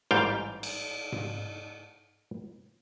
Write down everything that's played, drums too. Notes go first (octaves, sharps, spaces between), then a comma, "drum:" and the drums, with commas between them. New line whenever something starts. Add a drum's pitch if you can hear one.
A1 G#2 G3 F5 G5
drum: cymbal
drum: tom G#2